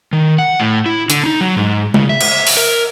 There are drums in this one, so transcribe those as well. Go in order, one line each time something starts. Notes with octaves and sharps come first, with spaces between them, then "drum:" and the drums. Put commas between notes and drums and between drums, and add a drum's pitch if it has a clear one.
D#3
F#5
A2
E4
D3, drum: hi-hat
D#4
F#3
G#2
C#3, drum: tom
E5
drum: cymbal
drum: open hi-hat
A#4